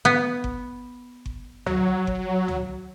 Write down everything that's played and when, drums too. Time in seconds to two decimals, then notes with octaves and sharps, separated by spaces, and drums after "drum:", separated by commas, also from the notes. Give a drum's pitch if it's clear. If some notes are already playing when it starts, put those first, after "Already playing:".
0.05 B3
0.44 drum: kick G1
1.26 drum: kick G1
1.66 F#3, drum: tom
2.07 drum: kick G1
2.48 drum: tom